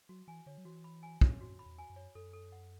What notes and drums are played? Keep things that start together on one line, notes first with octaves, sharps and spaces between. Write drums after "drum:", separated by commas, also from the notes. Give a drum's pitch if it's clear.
F#3 F#4
E3 G#5
D3 C#5
F#3
E3 F#4
B5
G#5
C#5, drum: kick
F#2 F#4
B5
E2
G#5
F#2
C#5
F#2 A4
A4
F#5